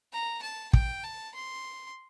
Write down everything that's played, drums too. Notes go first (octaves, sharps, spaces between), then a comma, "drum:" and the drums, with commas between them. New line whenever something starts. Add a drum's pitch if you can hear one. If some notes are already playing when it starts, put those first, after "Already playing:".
A#5
A5
G5, drum: kick
A5
C6